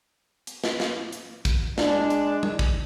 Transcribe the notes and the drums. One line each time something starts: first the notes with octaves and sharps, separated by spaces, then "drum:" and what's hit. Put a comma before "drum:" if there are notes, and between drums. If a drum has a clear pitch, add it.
drum: hi-hat
drum: snare
drum: snare
drum: hi-hat
drum: kick, hi-hat
G#3 D4, drum: snare
drum: hi-hat
drum: tom
drum: kick